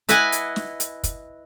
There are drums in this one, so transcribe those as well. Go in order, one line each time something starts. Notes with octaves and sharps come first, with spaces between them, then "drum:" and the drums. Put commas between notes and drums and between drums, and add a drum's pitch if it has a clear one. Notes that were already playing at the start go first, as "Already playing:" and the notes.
E4 B4 D#5 F#5 G#5, drum: hi-hat
drum: hi-hat
drum: snare
drum: hi-hat
drum: kick, hi-hat